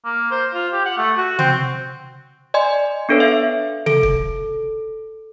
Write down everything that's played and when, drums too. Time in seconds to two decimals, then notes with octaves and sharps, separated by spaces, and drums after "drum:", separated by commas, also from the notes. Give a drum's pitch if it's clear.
0.05 A#3
0.31 C5
0.53 F4
0.73 G4
0.85 F#5
0.98 A3
1.17 F#4
1.39 C4, drum: tom
2.54 D5 D#5 G#5 C6
3.09 B3 D4 A4 B4 C#5
3.20 E5 F5
3.86 A4, drum: tom
4.03 drum: kick